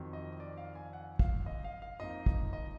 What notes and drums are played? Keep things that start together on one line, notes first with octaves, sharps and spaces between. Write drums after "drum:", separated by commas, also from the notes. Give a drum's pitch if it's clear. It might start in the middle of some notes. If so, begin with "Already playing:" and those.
Already playing: F2 D#3 F#3
D#5
D5
F5
G#5
F#5
F5, drum: kick
D#5
F5
F5
F2 F3 A#3 D#4 D#5
drum: kick
D#5